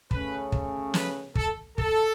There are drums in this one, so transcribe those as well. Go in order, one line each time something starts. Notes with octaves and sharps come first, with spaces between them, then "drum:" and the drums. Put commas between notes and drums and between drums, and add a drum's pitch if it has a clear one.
C#3 A3 C#4 B4, drum: kick
drum: kick
B4, drum: snare
A4, drum: kick
A4, drum: kick